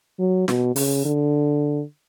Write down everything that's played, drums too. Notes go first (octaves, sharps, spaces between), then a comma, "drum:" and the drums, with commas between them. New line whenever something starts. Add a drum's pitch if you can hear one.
F#3
B2, drum: snare
C#3, drum: open hi-hat
D3